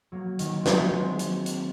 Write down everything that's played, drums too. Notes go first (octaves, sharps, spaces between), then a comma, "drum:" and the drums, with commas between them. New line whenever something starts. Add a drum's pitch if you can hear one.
F#3 A#3
D#3 F#3, drum: hi-hat
C4
F#3 A#3, drum: snare
G#3 C4
drum: hi-hat
drum: hi-hat